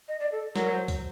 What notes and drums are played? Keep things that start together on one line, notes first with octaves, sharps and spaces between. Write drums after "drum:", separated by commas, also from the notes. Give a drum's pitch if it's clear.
D#5
D5
A4
F#3 A#4, drum: snare
C5
drum: kick, open hi-hat